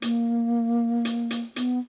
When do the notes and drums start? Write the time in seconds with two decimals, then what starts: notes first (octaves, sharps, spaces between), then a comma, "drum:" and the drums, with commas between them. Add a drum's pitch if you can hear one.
0.02 A#3, drum: hi-hat
1.05 drum: hi-hat
1.31 drum: hi-hat
1.56 B3, drum: hi-hat